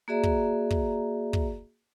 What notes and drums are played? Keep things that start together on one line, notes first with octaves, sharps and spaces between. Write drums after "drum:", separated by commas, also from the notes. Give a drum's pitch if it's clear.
A#3 F#4 G#4 D5 E5 A#5
drum: kick
drum: kick
drum: kick